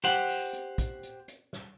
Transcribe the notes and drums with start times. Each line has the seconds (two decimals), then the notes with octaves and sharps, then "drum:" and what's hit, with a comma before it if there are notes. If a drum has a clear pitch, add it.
0.04 G4 C5 F#5, drum: snare
0.29 drum: open hi-hat
0.53 drum: hi-hat
0.78 drum: kick, hi-hat
1.03 drum: hi-hat
1.28 drum: hi-hat
1.53 drum: snare